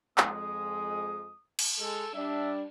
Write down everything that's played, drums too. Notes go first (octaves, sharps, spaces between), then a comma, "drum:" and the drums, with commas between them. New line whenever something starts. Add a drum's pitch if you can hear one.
F2 G#3 D#6, drum: clap
drum: cymbal
G#3 G#4 A4
G3 D4 E5